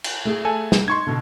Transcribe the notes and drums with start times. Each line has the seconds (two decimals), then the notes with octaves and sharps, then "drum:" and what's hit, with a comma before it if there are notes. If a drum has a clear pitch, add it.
0.04 drum: cymbal
0.25 A3 G#4
0.45 A4 G#5
0.72 drum: snare
0.88 D#4 C6 C#6 G#6
1.07 B2 D3